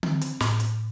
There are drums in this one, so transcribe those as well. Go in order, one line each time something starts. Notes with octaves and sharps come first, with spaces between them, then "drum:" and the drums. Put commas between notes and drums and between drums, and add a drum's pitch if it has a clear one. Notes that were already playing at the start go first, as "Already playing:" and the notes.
C4, drum: tom D3
drum: hi-hat
A2, drum: snare
drum: hi-hat